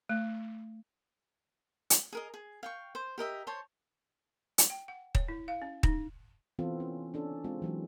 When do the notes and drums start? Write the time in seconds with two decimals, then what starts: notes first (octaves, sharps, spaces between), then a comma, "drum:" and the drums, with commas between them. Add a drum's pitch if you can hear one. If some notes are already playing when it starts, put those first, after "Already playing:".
0.09 A3
1.90 drum: hi-hat
2.13 G#4 A#4 D#5
2.34 G#4
2.63 F5 G5 C#6
2.95 C5
3.18 G4 A#4 D#5 E5
3.47 C5 C#5 A5 C6
4.58 drum: hi-hat
4.70 G5
4.88 F#5
5.15 C#5, drum: kick D#1
5.28 E4
5.48 F5
5.62 C#4
5.83 D#4, drum: kick D#1
6.59 E3 B3 C4 F4 A4
6.80 C#4
7.14 C#4 D4 A4
7.44 G#3 C4 F4
7.62 E3 F#3 G#3